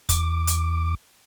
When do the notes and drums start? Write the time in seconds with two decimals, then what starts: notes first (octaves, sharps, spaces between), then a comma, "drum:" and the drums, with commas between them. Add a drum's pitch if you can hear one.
0.09 E2 D6, drum: kick, hi-hat
0.47 drum: hi-hat